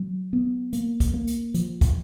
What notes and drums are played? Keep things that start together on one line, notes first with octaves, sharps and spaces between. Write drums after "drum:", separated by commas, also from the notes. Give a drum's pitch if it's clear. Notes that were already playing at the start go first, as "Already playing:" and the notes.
Already playing: F#3
B3
A#3, drum: hi-hat
drum: kick, hi-hat
A#3
drum: hi-hat
F3, drum: hi-hat
drum: kick, hi-hat